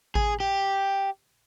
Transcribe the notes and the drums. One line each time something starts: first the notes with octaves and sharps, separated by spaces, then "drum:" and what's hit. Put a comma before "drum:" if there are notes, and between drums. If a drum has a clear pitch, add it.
G#4, drum: kick G#1
G4